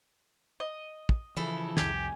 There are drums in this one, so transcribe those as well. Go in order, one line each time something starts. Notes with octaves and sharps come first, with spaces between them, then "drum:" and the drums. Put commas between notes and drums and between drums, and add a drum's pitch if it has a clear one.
D#5
drum: kick
C#3 E3 F3 E4 A4
C2 F2 G4 G#5, drum: snare